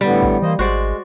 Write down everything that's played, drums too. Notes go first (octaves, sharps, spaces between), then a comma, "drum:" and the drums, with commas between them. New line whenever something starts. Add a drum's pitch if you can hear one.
A2 D3 G3 B3
drum: kick A1
E3 A#3 C5 D#5
G#1 G#3 F#4 C5 D5